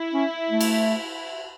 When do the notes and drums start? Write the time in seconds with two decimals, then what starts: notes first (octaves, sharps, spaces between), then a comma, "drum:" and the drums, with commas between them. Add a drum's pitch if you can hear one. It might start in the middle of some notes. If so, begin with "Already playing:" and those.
Already playing: E4
0.14 C#4
0.51 A3
0.61 drum: cymbal